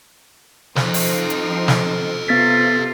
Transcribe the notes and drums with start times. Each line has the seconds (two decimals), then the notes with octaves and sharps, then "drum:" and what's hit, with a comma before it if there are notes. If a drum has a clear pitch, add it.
0.76 F3 C4 D#4 A4 C5, drum: snare
0.94 drum: open hi-hat
1.30 drum: hi-hat
1.68 drum: snare
2.28 C3 B3 F4 A6 B6